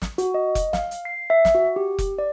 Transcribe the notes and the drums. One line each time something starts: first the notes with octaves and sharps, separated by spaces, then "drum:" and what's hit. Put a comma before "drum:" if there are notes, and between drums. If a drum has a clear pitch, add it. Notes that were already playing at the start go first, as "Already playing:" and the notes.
drum: snare
F#4, drum: hi-hat
D#5
drum: kick F1, hi-hat
F5, drum: snare
drum: hi-hat
C7
E5
drum: snare
F#4
G4
drum: kick F1, hi-hat
D5